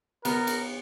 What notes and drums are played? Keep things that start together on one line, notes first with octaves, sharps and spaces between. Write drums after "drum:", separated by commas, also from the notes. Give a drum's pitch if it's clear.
B3 A#4, drum: cymbal
drum: cymbal